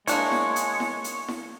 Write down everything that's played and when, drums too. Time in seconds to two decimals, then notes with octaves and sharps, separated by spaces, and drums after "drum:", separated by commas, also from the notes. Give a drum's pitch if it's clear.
0.07 G#3 A#3 D4 E4 C#5, drum: hi-hat
0.32 drum: snare E4
0.56 drum: hi-hat
0.80 drum: snare E4
1.04 drum: hi-hat
1.28 drum: snare E4